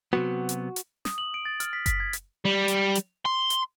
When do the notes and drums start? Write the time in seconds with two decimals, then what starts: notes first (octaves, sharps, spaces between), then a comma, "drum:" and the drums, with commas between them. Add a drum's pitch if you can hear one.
0.13 C3 F#3 B3 F#4
0.49 drum: hi-hat
0.76 drum: hi-hat
1.05 D#6, drum: snare
1.18 F#7
1.34 D7
1.45 A6
1.60 F6, drum: hi-hat
1.73 B6
1.86 B6, drum: kick F#1, hi-hat
2.00 G#6
2.13 drum: hi-hat
2.45 G3
2.68 drum: hi-hat
2.95 drum: hi-hat
3.25 C6
3.50 drum: hi-hat